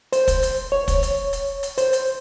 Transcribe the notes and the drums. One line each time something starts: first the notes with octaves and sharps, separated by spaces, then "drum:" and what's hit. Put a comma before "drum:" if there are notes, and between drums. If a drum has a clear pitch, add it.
C5, drum: hi-hat
drum: kick, hi-hat
drum: hi-hat
C#5
drum: kick, hi-hat
drum: hi-hat
drum: hi-hat
drum: hi-hat
C5, drum: hi-hat
drum: hi-hat